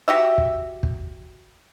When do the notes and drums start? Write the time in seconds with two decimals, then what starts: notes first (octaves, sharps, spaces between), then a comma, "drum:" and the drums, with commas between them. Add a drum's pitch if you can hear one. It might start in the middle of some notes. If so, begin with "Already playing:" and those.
0.08 F#4 G4 E5
0.38 drum: kick
0.83 drum: kick